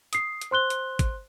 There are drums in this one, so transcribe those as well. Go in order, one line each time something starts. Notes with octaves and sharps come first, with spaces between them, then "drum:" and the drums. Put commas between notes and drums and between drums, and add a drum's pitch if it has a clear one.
D#6 C7, drum: hi-hat
drum: hi-hat
C5 C6 F#6 G7
drum: hi-hat
drum: kick, hi-hat